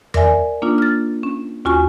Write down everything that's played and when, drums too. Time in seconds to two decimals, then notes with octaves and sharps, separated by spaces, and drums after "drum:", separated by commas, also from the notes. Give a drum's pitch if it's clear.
0.14 A#4 D5 E5 G#5, drum: tom E2
0.62 A#3 D4 D#4 F4
0.78 F6 A6
1.23 C#4
1.65 D#2 C#4 F4 F#4 G#5 C#6